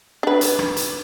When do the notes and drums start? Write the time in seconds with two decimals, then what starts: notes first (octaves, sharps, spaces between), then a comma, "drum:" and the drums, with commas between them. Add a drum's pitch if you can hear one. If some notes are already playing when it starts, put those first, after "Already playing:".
0.23 D4 B4
0.41 drum: hi-hat
0.59 drum: rim click
0.76 drum: hi-hat